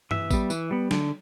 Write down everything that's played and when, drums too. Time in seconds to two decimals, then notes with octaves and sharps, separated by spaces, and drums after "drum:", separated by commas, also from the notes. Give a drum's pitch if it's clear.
0.11 E3 E5, drum: tom G2
0.31 G3 B3, drum: kick G#1, tambourine
0.50 E3, drum: tambourine
0.71 G3 B3
0.91 D3, drum: snare